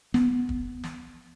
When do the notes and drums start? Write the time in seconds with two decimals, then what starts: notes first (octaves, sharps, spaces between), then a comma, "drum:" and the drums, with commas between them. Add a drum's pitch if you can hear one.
0.14 B3, drum: snare
0.49 drum: kick
0.84 drum: snare